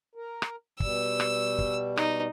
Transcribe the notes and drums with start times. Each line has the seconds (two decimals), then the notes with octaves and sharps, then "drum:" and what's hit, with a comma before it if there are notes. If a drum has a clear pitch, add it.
0.15 A#4
0.42 drum: rim click
0.80 B2 G3 E6, drum: kick
1.20 drum: rim click
1.59 drum: kick
1.97 D#4, drum: rim click